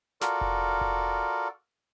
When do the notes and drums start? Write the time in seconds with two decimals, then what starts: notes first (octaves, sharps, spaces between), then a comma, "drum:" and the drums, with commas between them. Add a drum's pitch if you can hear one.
0.21 F4 F#4 A4 A#4 D5, drum: snare
0.41 drum: kick F1
0.81 drum: kick F1